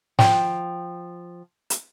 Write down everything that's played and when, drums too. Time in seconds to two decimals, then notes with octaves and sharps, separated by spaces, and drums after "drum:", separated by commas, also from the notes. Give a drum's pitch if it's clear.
0.19 F3 G5, drum: snare
1.70 drum: hi-hat